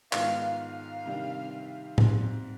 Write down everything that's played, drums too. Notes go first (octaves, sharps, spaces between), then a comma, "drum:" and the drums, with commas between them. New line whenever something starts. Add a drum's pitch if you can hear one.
G#2 D#3 G#3 B3 F4 F5, drum: clap
F5
C3 D#3 G3 D4 G4
G#2 G3 C4 G4, drum: tom A2